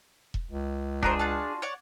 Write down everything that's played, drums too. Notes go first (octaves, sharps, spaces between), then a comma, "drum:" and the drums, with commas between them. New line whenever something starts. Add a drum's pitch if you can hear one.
drum: kick E1
C#2
D4 F#4 G#4 A#4 C5, drum: kick E1
F4 F#4 A5
C#5 D5 F#5